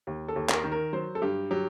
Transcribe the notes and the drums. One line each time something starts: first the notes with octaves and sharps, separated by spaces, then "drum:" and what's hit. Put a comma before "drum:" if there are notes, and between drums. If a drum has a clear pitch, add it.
D#2
A4
D#2
A#4, drum: clap
D#3
A#4
F#3 C5
A4
G2 G4
F#3 G4